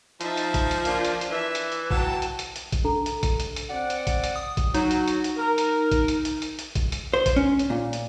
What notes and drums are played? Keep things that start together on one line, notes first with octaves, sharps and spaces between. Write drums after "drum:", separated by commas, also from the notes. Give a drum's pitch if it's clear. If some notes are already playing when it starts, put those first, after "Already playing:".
F3 D#4 E5 A6, drum: hi-hat
drum: hi-hat
drum: kick A1, hi-hat
drum: hi-hat
A#3 D4 F4, drum: hi-hat
drum: hi-hat
drum: hi-hat
E3 E5
drum: hi-hat
drum: hi-hat
F#3 G5 A5, drum: kick A1
drum: hi-hat
drum: hi-hat
drum: hi-hat
drum: kick A1, hi-hat
D4 A4 A#5
drum: hi-hat
drum: kick A1, hi-hat
drum: hi-hat
drum: hi-hat
C4 D5 F#5
drum: hi-hat
drum: kick A1, hi-hat
drum: hi-hat
D#6
drum: kick A1, hi-hat
F#3 D#4, drum: hi-hat
drum: hi-hat
drum: hi-hat
drum: hi-hat
A#4
drum: hi-hat
drum: kick A1, hi-hat
drum: hi-hat
drum: hi-hat
drum: hi-hat
drum: hi-hat
drum: kick A1, hi-hat
drum: hi-hat
C5
drum: kick A1, hi-hat
C#4
drum: hi-hat
A#2
drum: hi-hat